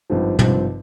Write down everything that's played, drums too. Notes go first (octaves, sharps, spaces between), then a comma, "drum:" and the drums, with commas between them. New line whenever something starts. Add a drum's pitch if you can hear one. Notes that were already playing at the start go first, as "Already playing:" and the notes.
G#1 G2 F3 C4
G#1 G2 F3 C4, drum: tom